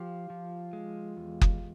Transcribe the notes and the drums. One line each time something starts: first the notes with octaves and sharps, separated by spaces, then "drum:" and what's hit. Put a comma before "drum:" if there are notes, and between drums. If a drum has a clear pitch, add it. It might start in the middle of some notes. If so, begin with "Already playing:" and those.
Already playing: F3 F4 G4
F3
G#3
E2
drum: kick F#1